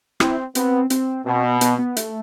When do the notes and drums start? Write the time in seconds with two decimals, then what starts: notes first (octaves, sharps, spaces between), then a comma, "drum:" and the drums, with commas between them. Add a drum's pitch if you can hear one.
0.20 C4 E4, drum: rim click
0.55 B3 C4, drum: hi-hat
0.90 C4, drum: hi-hat
1.26 B2 C4
1.44 B3
1.61 B3, drum: hi-hat
1.78 B3
1.97 A3, drum: hi-hat